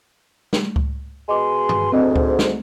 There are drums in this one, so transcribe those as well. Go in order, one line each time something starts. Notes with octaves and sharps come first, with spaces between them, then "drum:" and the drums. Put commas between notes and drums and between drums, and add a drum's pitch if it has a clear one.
drum: snare
drum: kick C#2
B2 G#4 D#5 C6 D6
drum: tom G2
D2 G#2 C4 D#5
drum: kick C#2
drum: snare